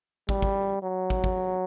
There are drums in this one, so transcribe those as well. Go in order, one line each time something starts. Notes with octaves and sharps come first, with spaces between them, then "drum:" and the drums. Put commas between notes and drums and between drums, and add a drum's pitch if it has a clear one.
G3, drum: kick
drum: kick
F#3
drum: kick
drum: kick